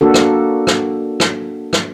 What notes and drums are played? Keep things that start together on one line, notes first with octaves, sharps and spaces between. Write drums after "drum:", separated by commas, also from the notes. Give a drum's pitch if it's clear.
A#3 D4 F#4 A4
drum: rim click
drum: rim click
drum: rim click
drum: rim click